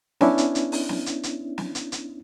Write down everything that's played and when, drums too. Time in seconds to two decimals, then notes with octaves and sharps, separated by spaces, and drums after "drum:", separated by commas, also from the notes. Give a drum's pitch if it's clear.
0.21 B3 C#4 D4 E4, drum: snare
0.38 drum: hi-hat
0.55 drum: hi-hat
0.72 drum: open hi-hat
0.89 drum: snare
1.06 drum: hi-hat
1.23 drum: hi-hat
1.58 drum: snare
1.75 drum: hi-hat
1.92 drum: hi-hat